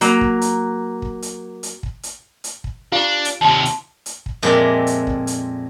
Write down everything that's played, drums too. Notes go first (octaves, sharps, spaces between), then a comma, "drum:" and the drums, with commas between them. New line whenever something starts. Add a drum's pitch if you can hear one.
F#3 A#3 A#5, drum: hi-hat
drum: kick
drum: hi-hat
drum: kick
drum: hi-hat
drum: hi-hat
drum: kick
drum: hi-hat
drum: hi-hat
drum: kick
D4 F4 G4 F5
drum: hi-hat
D#2 C3 A5 C6
drum: hi-hat
drum: hi-hat
drum: kick
F2 A#2 G#3 C4 D5 E5
drum: hi-hat
drum: kick
drum: hi-hat